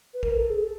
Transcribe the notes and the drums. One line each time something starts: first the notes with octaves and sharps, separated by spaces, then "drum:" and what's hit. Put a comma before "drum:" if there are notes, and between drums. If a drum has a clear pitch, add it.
B4
A#4, drum: kick
A4
G#4
A4